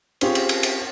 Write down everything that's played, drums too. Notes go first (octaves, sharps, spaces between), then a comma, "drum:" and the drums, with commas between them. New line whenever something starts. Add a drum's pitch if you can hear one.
C4 C#4 F4 G4 G#4 C#5, drum: cymbal
drum: cymbal
drum: cymbal
drum: cymbal